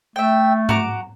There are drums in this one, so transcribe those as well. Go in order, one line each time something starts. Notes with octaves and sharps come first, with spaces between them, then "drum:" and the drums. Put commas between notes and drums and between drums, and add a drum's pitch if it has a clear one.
A3 E5 G5
F#4 A#5 D6, drum: tom G#2